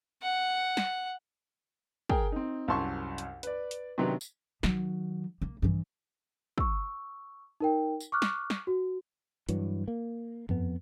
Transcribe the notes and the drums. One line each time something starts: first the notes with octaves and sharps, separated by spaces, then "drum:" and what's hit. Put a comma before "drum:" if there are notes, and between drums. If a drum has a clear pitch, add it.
F#5
drum: snare
G#4 A#4 G5, drum: kick
C4 D#4
C2 F#2 A5 C6 C#6
drum: hi-hat
B4 D5, drum: hi-hat
drum: hi-hat
C3 D#3 F#3 B3 D4
drum: tambourine
D#3 F#3, drum: snare
A#3
G2 E3
C#6 E6, drum: kick
D#4 A#4 G5
drum: tambourine
C#6 D6 F6 F#6
drum: snare
drum: snare
F#4
G2 E3 F#3, drum: hi-hat
A#3
F2 B3, drum: tom F#2